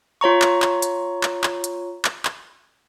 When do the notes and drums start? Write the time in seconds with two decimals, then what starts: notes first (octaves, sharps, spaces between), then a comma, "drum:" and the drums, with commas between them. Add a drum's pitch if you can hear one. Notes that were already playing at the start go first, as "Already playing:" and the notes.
0.21 F4 C#5 A#5 C#6
0.42 drum: clap
0.62 drum: clap
0.82 drum: hi-hat
1.23 drum: clap
1.44 drum: clap
1.64 drum: hi-hat
2.05 drum: clap
2.25 drum: clap